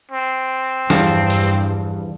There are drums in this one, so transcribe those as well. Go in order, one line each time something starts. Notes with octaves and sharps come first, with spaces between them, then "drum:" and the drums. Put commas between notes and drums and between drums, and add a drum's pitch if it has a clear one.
C4
E2 G2 E3 F3 G3 A5, drum: snare
drum: open hi-hat